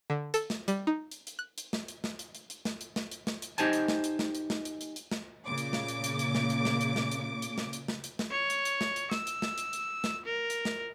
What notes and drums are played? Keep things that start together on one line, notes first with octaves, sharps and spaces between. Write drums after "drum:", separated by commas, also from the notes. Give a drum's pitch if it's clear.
D3
A4, drum: hi-hat
drum: snare
G3, drum: hi-hat
D#4
drum: hi-hat
drum: hi-hat
F#6
drum: hi-hat
drum: snare
drum: hi-hat
drum: snare
drum: hi-hat
drum: hi-hat
drum: hi-hat
drum: snare
drum: hi-hat
drum: snare
drum: hi-hat
drum: snare
drum: hi-hat
D#4 G4 C5 G#5 A5, drum: hi-hat
drum: hi-hat
drum: snare
drum: hi-hat
drum: snare
drum: hi-hat
drum: snare
drum: hi-hat
drum: hi-hat
drum: hi-hat
drum: snare
A#2 C#3 D6
drum: hi-hat
drum: snare
drum: hi-hat
drum: hi-hat
drum: hi-hat
drum: snare
drum: hi-hat
drum: snare
drum: hi-hat
drum: snare
drum: hi-hat
drum: hi-hat
drum: snare
drum: hi-hat
drum: snare
drum: hi-hat
drum: snare
C#5
drum: hi-hat
drum: hi-hat
drum: snare
drum: hi-hat
E6, drum: snare
drum: hi-hat
drum: snare
drum: hi-hat
drum: hi-hat
drum: snare
A#4
drum: hi-hat
drum: snare